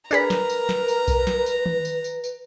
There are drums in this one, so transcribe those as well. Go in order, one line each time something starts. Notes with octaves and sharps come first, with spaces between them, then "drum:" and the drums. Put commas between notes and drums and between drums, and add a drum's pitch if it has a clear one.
D4 G#4 A#4 B4 A#5 B5, drum: tambourine
drum: snare
drum: tambourine
drum: snare
drum: tambourine
drum: kick B1, tambourine
drum: snare
drum: tambourine
drum: tom D#3
drum: tambourine
drum: tambourine
drum: tambourine